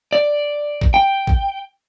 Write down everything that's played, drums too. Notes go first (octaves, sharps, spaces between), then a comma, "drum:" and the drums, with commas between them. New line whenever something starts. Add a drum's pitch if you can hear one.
D5
drum: kick
G5
drum: kick